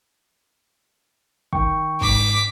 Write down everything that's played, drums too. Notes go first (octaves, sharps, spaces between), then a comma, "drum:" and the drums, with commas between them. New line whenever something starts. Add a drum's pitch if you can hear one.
D#3 G5 C#6, drum: kick
G#2 D6 B6, drum: kick